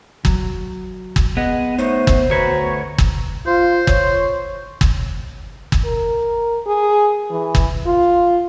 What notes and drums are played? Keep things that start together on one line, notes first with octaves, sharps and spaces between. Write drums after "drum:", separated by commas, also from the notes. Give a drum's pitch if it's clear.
F#3, drum: kick
drum: kick
B3 G#4 D#5
A3 D#4 C5 C#5
drum: kick
D2 F#4 B4 C#5 A#5
drum: kick
F4 C5
C#5, drum: kick
drum: kick
drum: kick
A#4
G#4
E3
drum: kick
F4